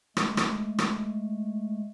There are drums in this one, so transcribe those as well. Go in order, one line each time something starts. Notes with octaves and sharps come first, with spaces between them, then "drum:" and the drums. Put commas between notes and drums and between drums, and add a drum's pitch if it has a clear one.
G#3 A3, drum: rim click
drum: rim click
drum: rim click